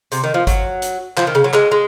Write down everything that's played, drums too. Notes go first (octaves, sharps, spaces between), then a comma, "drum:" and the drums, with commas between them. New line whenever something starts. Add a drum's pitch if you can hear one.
C3, drum: hi-hat
D#3
F3
F#3, drum: kick, hi-hat
drum: hi-hat
F3, drum: clap
D#3
C#3
F#3
G#3, drum: clap
G#3